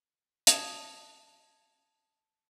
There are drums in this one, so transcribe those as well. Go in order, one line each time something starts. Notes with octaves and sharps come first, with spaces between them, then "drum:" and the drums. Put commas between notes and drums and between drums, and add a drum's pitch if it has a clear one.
A5 D#6 G#6, drum: hi-hat